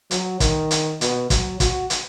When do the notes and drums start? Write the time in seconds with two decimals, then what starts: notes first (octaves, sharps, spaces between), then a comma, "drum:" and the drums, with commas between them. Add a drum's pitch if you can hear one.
0.11 F#3, drum: hi-hat
0.40 D#3, drum: kick, hi-hat
0.71 drum: hi-hat
1.01 B2, drum: hi-hat
1.30 F#3, drum: kick, hi-hat
1.60 F#4, drum: kick, hi-hat
1.90 drum: hi-hat